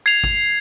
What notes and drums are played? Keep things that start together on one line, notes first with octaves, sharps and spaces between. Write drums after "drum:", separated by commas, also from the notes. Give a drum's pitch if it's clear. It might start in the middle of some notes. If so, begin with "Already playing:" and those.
G#6 C7 F7
drum: kick A1